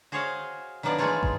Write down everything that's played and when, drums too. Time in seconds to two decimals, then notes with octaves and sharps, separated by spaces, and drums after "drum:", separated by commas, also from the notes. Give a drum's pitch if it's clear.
0.12 F#4 G#4 C5 C#5 D#5 F5
0.83 D#3 F#3 A#3 B3 D4 D5
0.98 E3 G#3 A3 D#4 F4 C#5
1.23 drum: kick